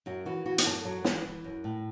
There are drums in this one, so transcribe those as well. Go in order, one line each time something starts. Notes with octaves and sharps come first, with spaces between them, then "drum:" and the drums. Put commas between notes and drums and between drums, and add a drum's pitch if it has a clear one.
F#2 F#4
E3 F#4
E3 F#4
F#4, drum: hi-hat
F#2 A4
F#2 F#3
E3, drum: snare
E3
F#2
A2